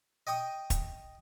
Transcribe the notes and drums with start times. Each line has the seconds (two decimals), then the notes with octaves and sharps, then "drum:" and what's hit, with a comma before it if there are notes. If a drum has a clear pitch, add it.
0.27 D#5 G5 C#6 D#6
0.70 drum: kick, hi-hat